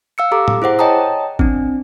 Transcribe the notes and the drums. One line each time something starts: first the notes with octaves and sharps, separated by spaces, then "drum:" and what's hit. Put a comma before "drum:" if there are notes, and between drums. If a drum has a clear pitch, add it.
F5 E6 C#7
G4 A4 A#5 D6
drum: tom
E4 G#4 C5 F#5
C#5 D#5 G5 A5 A#5 D#6
C4 D4, drum: kick